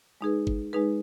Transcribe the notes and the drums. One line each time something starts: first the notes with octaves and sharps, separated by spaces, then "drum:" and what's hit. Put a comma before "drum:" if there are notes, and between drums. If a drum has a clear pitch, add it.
G#3 D#4 G#4 B4
drum: kick
G#3 D#4 G#4 B4